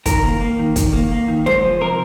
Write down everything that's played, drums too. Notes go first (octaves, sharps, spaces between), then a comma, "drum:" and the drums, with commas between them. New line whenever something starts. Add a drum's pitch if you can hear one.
D#3 A#4, drum: kick, hi-hat
A#3
A#3
D#3
D#3, drum: kick, hi-hat
A#3
A#3
D#3
G#3 C5, drum: snare
F3
C3 A#4